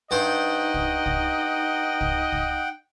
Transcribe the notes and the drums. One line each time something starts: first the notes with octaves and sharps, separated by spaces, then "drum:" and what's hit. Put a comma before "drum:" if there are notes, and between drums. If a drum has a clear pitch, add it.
G2 D#4 C5 D#5 F#5 G5
drum: kick
drum: kick
drum: kick
drum: kick